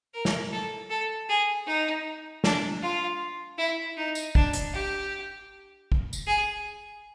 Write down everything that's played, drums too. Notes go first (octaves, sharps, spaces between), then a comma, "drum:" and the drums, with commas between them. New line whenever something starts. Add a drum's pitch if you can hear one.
A#4
drum: snare
A4
A4
G#4
D#4
D4, drum: snare
F4
E4
D#4
drum: tambourine
D4, drum: kick
drum: hi-hat
G4
drum: kick
drum: tambourine
G#4